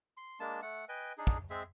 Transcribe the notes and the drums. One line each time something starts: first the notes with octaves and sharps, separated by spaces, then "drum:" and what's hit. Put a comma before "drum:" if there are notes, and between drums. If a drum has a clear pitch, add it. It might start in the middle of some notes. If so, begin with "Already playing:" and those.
C6
G#3 A#3 D4 A5
A3 F#5
B4 D#5 G5 G#5
D4 D#4 G#4
drum: kick
G#3 C4 G#4 E5